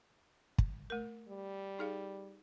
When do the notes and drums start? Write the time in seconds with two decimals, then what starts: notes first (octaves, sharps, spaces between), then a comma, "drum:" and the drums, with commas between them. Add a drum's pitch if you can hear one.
0.58 drum: kick
0.90 A3 A#4
1.29 G3
1.79 D#4 G#4 F5